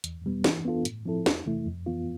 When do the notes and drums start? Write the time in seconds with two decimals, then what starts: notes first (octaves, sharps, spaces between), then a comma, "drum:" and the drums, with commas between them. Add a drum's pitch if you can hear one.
0.04 E2, drum: hi-hat
0.24 B2 G3 B3
0.44 E3, drum: snare
0.65 B3 D4 F4 A4
0.85 A2, drum: hi-hat
1.05 F3 C4 E4 A4
1.26 E2, drum: snare
1.46 C3 E3 A3 E4
1.67 F2
1.86 E3 B3 F4